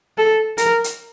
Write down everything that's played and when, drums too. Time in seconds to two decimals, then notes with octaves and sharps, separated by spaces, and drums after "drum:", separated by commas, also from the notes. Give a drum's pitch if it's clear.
0.18 A4
0.58 A#4, drum: hi-hat
0.84 drum: hi-hat